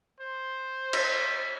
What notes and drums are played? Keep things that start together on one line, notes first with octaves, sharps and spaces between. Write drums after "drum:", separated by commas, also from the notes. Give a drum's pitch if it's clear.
C5
B6, drum: cymbal